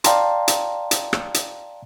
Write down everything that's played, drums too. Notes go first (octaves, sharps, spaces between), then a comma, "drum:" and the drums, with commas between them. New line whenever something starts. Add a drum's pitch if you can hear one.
D5 F5 G5 A5 A#5 C6, drum: hi-hat
drum: hi-hat
drum: hi-hat
drum: rim click
drum: hi-hat